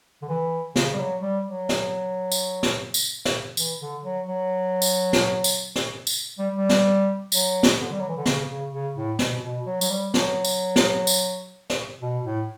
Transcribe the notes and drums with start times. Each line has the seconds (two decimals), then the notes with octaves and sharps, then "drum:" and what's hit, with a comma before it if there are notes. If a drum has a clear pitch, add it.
0.22 D3
0.29 E3
0.76 C#3, drum: snare
0.94 G3
0.99 F#3
1.22 G3
1.46 F#3
1.69 drum: snare
2.32 drum: tambourine
2.63 drum: snare
2.94 drum: tambourine
3.25 drum: snare
3.57 E3, drum: tambourine
3.80 D3
4.04 F#3
4.27 F#3
4.82 drum: tambourine
5.13 drum: snare
5.44 drum: tambourine
5.76 drum: snare
6.07 drum: tambourine
6.38 G3
6.56 G3
6.69 drum: snare
7.32 F#3, drum: tambourine
7.63 drum: snare
7.79 D3
7.91 G3
8.00 F#3
8.09 E3
8.17 D3
8.26 C#3, drum: snare
8.49 C#3
8.72 C#3
8.95 A2
9.19 B2, drum: snare
9.42 B2
9.66 F#3
9.81 F#3, drum: tambourine
9.90 G3
10.14 F#3, drum: snare
10.45 drum: tambourine
10.76 drum: snare
11.07 drum: tambourine
11.70 drum: snare
12.01 B2
12.24 A2